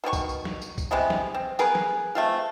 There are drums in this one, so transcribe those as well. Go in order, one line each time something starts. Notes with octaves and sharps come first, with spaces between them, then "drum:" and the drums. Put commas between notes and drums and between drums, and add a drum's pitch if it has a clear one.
B2 D#3 C#4 C#6
drum: kick, tambourine
drum: tambourine
drum: snare
drum: tambourine
drum: kick, tambourine
C3 E3 G#3 B3
drum: snare
C4
B3 G#4 A#4 B4, drum: tambourine
drum: snare
A3 C4 F4